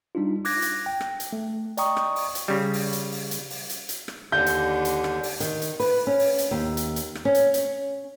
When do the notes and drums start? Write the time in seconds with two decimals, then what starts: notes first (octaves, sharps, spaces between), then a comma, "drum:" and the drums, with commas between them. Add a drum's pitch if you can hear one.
0.15 G3 D4 D#4 F4
0.45 D6 F#6 G#6 A#6, drum: open hi-hat
0.62 drum: hi-hat
0.86 G5
1.01 drum: rim click
1.20 drum: hi-hat
1.33 A3
1.77 D5 D#5 G5 A#5 C#6 D#6, drum: hi-hat
1.97 drum: rim click
2.16 drum: open hi-hat
2.35 drum: hi-hat
2.48 C#3 G3
2.73 drum: open hi-hat
2.93 drum: hi-hat
3.12 drum: open hi-hat
3.31 drum: hi-hat
3.50 drum: open hi-hat
3.70 drum: hi-hat
3.89 drum: hi-hat
4.08 drum: rim click
4.32 D#2 D3 G6
4.46 drum: hi-hat
4.85 drum: hi-hat
5.04 drum: rim click
5.23 drum: open hi-hat
5.40 D#3, drum: hi-hat
5.62 drum: hi-hat
5.80 B4, drum: open hi-hat
6.07 C#4
6.19 drum: open hi-hat
6.39 drum: hi-hat
6.51 D#2
6.77 drum: hi-hat
6.96 drum: hi-hat
7.15 drum: rim click
7.25 C#4
7.35 drum: hi-hat
7.54 drum: hi-hat